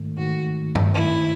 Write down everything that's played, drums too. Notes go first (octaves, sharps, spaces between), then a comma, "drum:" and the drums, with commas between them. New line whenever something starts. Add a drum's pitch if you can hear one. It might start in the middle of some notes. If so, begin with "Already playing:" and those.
Already playing: G#2 D#3 A3
G#2 D#3 A3 F#4
drum: tom G2
G#2 D#3 A3 E4